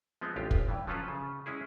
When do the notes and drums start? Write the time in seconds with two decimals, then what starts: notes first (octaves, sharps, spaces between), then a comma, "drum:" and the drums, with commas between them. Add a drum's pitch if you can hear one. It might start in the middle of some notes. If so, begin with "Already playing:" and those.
0.21 F3 G#3 B3 C4
0.36 A1 F4 G4
0.51 drum: kick
0.69 G2 E3
0.87 F3 F#3 C#4 F4 A4 B4
1.08 C#3
1.46 G#3 C#4 E4 G#4